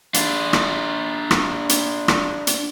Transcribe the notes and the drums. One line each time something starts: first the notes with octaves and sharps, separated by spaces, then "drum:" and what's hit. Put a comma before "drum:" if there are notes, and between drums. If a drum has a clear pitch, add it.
D4 F4, drum: hi-hat
drum: rim click
drum: rim click
drum: hi-hat
drum: rim click
drum: hi-hat